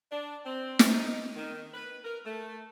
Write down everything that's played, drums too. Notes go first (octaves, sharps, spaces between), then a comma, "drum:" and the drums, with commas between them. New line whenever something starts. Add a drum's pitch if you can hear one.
D4
C4
drum: snare
D#4
D#3
B4
A#4
A3